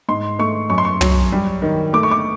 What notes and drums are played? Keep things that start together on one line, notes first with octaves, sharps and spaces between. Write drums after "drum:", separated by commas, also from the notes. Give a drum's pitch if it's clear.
G#2 C6
A3 C#6
F#2 C#6
C6
C#6
F#3, drum: tom
G3
D#3
A3 D6
C#6
D6